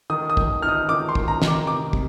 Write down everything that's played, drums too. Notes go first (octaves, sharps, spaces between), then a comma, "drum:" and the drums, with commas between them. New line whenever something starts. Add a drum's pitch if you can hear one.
D#3 D#6
D#6
D#3, drum: kick
D#4 F6
D#6
D#3 D6
C6
D#3, drum: kick
A#5
D#3, drum: snare
D6
C3 D6
C3, drum: kick